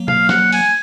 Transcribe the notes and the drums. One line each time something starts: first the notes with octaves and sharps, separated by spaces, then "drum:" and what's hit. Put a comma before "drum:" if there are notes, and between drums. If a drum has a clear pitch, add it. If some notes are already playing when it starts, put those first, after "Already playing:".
Already playing: F#3 A#3
F5, drum: tom B2
F#5, drum: snare
G#5, drum: open hi-hat